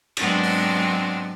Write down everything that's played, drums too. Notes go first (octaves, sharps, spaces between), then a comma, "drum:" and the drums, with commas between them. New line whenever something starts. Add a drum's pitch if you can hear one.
G#2 F#3 G#3 B3 C4 D4, drum: cymbal
drum: open hi-hat